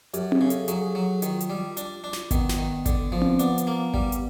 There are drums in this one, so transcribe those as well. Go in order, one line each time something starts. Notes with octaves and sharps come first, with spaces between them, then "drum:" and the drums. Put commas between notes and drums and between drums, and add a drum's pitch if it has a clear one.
F#2 G4, drum: hi-hat
G#4, drum: tom C4
C#3
A4, drum: hi-hat
F#3 G#4, drum: hi-hat
G#4
F#3 F#4
F#4
D#3 F4, drum: hi-hat
drum: hi-hat
G3
D4, drum: hi-hat
D4
drum: snare
D#3 B3, drum: kick G#1, hi-hat
drum: snare
D#3
D3, drum: kick G#1, hi-hat
F3
drum: tom C4
C4
B3 D4, drum: hi-hat
drum: hi-hat
A#3
G3, drum: kick G#1
drum: hi-hat